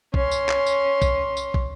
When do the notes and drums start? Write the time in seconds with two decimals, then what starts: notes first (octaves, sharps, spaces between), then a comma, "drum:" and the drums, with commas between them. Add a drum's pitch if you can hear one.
0.14 C#4 C6, drum: kick
0.31 drum: tambourine
0.49 drum: clap
0.67 drum: tambourine
1.02 drum: kick, tambourine
1.37 drum: tambourine
1.54 drum: kick